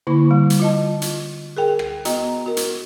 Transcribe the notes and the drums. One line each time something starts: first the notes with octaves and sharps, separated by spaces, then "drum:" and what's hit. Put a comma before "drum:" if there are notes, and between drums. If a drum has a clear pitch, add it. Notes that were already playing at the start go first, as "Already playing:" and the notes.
D3 A#3 E4 B5 C#6
G3
drum: hi-hat
F4 D#5 A5
drum: hi-hat
G#4 A#4 G5
drum: rim click
B3 F#4 D#5 G5 A#5, drum: hi-hat
F#4 A#4
drum: hi-hat